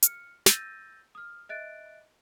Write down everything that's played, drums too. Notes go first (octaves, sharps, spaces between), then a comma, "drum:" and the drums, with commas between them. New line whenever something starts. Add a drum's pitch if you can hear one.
F6 C#7, drum: hi-hat
E6 G6 A6 A#6 D#7, drum: snare
D#6 F6
D#5 E5 F#6 A6 D7